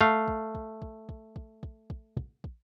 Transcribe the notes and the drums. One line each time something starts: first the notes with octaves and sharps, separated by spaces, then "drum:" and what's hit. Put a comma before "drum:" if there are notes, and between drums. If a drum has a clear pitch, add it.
A3 F5
drum: kick
drum: kick
drum: kick
drum: kick
drum: kick
drum: kick
drum: kick
drum: kick
drum: kick